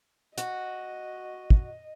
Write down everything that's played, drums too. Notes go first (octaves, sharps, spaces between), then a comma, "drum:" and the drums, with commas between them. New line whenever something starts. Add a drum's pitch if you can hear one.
F#4 D#5, drum: hi-hat
drum: kick